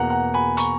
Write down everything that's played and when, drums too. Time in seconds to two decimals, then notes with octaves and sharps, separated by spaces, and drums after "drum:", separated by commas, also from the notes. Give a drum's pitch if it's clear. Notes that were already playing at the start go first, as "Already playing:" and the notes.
Already playing: E2 B2 A#3 F#5 A#5
0.10 F#5 A#5
0.34 G#5 B5
0.57 A#5 C#6, drum: hi-hat